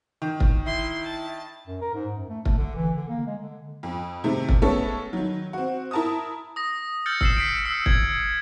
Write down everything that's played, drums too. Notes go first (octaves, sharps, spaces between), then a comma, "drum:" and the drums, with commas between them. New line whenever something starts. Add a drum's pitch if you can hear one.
D#3
drum: kick
E4 C6
A5
F#2
A#4
G#2
F#2
A3
A3, drum: kick
D3
E3
D3
A#3
G#3
D3
F2
C3 D#3 G#3 A3
drum: kick
G#3 A3 B3 C#4 A4 C#5
D#3 F#3
C4 F#4
E4 A#4 A5 A#5 D#6
D#6 A#6
E6 F6 G6 A6 C#7
E6 C7 E7, drum: kick
B6 C7 D7
E6 C#7
G#6, drum: kick